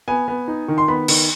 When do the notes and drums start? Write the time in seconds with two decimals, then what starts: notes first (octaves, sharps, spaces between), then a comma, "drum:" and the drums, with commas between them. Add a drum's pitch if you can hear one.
0.08 B3 G#5
0.28 B3
0.48 D#4
0.68 D#3
0.78 C6
0.88 B3 B5
1.08 D#3, drum: cymbal